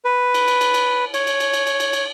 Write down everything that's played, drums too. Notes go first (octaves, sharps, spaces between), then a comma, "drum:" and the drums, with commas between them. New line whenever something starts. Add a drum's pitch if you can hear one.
B4
drum: cymbal
drum: cymbal
drum: cymbal
drum: cymbal
C#5, drum: cymbal
drum: cymbal
drum: cymbal
drum: cymbal
drum: cymbal
drum: cymbal
drum: cymbal